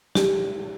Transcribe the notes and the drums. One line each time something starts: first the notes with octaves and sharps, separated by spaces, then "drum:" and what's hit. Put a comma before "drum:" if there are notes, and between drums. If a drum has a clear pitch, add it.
G4, drum: snare